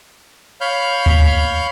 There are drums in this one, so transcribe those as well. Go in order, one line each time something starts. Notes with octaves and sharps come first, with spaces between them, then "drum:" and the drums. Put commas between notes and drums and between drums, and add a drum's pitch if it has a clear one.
C#5 F5 B5 F6 G6
drum: kick D2